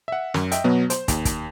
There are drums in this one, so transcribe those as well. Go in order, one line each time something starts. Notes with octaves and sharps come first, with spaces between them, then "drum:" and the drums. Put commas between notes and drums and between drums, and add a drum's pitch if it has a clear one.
E5 F#5
F#2, drum: snare
D#5 E5 G5, drum: hi-hat
B2 F#3 B3
C5, drum: hi-hat
D#2, drum: kick, hi-hat
drum: kick, hi-hat